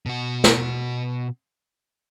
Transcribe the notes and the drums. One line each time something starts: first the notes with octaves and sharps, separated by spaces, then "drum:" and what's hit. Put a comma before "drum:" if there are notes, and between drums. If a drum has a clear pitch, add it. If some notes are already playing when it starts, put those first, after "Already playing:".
B2 F#4
drum: snare